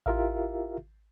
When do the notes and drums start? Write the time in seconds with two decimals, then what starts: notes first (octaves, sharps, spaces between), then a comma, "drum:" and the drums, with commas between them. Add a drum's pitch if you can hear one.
0.06 E4 F4 G4 A#4 E5 F5, drum: kick A1